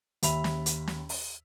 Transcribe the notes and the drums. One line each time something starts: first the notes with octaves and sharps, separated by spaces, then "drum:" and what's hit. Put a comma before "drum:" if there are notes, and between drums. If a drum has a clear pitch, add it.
D#2 E5 B5 F7, drum: hi-hat
drum: snare
drum: hi-hat
drum: snare
drum: open hi-hat